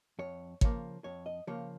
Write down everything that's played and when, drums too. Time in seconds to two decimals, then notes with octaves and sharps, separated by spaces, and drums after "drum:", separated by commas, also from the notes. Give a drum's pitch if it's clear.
0.19 F2 C#5
0.61 C#3 F3 A#3 C#5, drum: kick
1.04 F2 C#5
1.26 D#5
1.47 C#3 F3 A#3 C#5